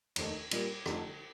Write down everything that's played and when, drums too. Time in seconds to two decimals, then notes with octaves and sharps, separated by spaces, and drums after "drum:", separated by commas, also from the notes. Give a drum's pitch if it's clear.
0.16 F1 D#2 D#3 A3, drum: cymbal
0.51 A#2 G3 A#3, drum: cymbal
0.86 F1 F2 D3 F3 A3, drum: rim click